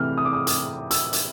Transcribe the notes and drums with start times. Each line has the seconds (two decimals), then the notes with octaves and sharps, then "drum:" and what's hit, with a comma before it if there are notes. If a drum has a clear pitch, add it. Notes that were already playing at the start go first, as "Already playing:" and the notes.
Already playing: C3 E3 A3 F6
0.18 D#6
0.25 D6
0.33 D#6
0.47 D#6, drum: hi-hat
0.91 E6, drum: hi-hat
1.13 drum: hi-hat